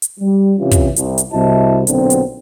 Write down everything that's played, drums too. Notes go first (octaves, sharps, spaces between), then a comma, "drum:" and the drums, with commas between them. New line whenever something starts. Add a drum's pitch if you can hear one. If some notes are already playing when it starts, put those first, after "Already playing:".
drum: hi-hat
G3
C3 E3 C#4 F4 G4
drum: kick, hi-hat
C2, drum: hi-hat
drum: hi-hat
C2 E4 F#4 C5 D#5 A5
B1 A#2 D3 F#3 B3 C4, drum: hi-hat
drum: hi-hat